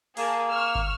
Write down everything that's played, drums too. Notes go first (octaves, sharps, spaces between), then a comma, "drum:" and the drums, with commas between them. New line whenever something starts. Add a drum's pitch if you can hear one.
A#3 G#4 A#4 A5, drum: open hi-hat
C#6 E6 F6
drum: kick